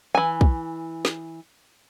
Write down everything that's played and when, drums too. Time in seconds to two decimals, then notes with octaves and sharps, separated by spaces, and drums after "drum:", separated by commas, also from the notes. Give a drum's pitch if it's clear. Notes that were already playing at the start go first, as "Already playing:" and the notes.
0.15 E3 G#5
0.41 drum: kick
1.05 drum: snare